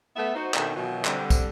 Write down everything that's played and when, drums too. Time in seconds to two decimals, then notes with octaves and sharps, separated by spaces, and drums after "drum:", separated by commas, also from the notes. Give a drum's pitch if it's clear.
0.16 A3 B3 E5
0.35 D#4 F#4 C5
0.54 B2 D#3 C4 D4 A4 E5, drum: clap
0.75 B2 D#3 E3 F#3 D#4 F4
1.05 D3 G3 C4, drum: clap
1.30 drum: kick, tambourine